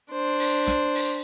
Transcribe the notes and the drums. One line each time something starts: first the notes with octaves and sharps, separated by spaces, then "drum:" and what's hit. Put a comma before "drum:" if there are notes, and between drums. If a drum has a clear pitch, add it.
D4 C5
drum: open hi-hat
drum: snare
drum: open hi-hat